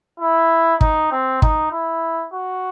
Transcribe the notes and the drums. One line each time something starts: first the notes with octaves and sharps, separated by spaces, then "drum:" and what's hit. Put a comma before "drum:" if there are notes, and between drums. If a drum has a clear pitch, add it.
E4
D#4, drum: kick
C4
D#4, drum: kick
E4
F#4